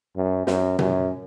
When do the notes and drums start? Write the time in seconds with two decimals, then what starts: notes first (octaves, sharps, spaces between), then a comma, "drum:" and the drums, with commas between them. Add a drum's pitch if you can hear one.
0.16 F#2
0.47 F#2, drum: snare
0.79 F#2, drum: tom B2